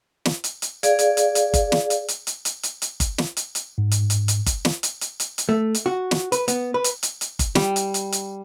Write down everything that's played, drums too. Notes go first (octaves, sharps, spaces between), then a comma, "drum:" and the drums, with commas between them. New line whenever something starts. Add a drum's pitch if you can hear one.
drum: snare
drum: hi-hat
drum: hi-hat
G#4 D5 F5, drum: hi-hat
drum: hi-hat
drum: hi-hat
drum: hi-hat
drum: kick G1, hi-hat
drum: snare
drum: hi-hat
drum: hi-hat
drum: hi-hat
drum: hi-hat
drum: hi-hat
drum: hi-hat
drum: kick G1, hi-hat
drum: snare
drum: hi-hat
drum: hi-hat
G#2
drum: hi-hat
drum: hi-hat
drum: hi-hat
drum: kick G1, hi-hat
drum: snare
drum: hi-hat
drum: hi-hat
drum: hi-hat
drum: hi-hat
A3
drum: hi-hat
F#4
drum: snare
B4, drum: hi-hat
B3, drum: hi-hat
B4
drum: hi-hat
drum: hi-hat
drum: hi-hat
drum: kick G1, hi-hat
G3, drum: snare
drum: hi-hat
drum: hi-hat
drum: hi-hat